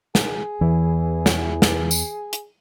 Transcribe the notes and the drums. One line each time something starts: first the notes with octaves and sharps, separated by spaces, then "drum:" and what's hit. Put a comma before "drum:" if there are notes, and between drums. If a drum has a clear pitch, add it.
G#4, drum: snare
E2 E3
drum: snare
drum: snare
drum: tambourine
drum: hi-hat